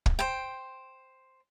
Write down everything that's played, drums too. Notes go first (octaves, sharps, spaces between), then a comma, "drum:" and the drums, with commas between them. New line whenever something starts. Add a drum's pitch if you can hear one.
drum: kick
C5 G5